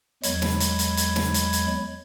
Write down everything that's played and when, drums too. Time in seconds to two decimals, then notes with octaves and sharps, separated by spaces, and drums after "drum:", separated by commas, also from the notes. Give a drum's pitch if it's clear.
0.23 E2 F#3 G#3 B5 G#6, drum: hi-hat
0.42 drum: snare
0.60 drum: hi-hat
0.79 drum: hi-hat
0.97 drum: hi-hat
1.16 drum: snare
1.34 drum: hi-hat
1.53 drum: hi-hat